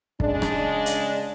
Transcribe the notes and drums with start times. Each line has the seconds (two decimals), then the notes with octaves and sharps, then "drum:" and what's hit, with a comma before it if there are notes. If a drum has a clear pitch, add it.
0.20 C#3 G#3 D4, drum: kick
0.42 drum: rim click
0.86 drum: hi-hat